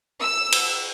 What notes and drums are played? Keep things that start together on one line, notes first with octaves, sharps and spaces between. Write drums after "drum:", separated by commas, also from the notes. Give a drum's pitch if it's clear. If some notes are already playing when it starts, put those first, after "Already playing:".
E6
drum: cymbal